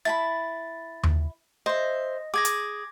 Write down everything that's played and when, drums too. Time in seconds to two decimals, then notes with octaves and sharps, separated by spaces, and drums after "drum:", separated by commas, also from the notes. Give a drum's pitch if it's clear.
0.05 E4 A5 B5 A6
1.03 drum: tom D#2
1.66 C5 D#5 E5
2.34 G#4 D6 G#6 A#6
2.45 drum: hi-hat